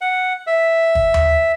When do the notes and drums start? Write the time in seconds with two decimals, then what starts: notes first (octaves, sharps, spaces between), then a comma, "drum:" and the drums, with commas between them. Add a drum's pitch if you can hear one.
0.01 F#5
0.47 E5
0.95 drum: kick
1.14 drum: tom D#2